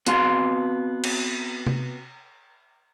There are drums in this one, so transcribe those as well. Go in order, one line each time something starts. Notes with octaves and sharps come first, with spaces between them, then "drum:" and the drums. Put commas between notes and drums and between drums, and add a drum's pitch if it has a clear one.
B3 C4 F#4 F5 C6, drum: hi-hat
drum: cymbal
drum: tom C3